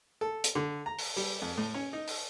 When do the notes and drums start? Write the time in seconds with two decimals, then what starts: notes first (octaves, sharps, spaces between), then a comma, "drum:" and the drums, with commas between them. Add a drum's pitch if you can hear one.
0.21 A4
0.44 drum: hi-hat
0.55 D3
0.86 A#5
0.98 drum: open hi-hat
1.16 G3, drum: open hi-hat
1.42 F2
1.58 A2
1.74 C#4
1.93 D#4
2.07 drum: open hi-hat